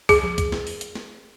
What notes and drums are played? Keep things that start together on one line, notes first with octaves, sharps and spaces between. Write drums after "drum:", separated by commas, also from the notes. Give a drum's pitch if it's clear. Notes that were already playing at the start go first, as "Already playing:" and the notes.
G#4, drum: kick, open hi-hat
drum: tom F3
drum: kick, hi-hat
drum: snare
drum: open hi-hat
drum: hi-hat
drum: snare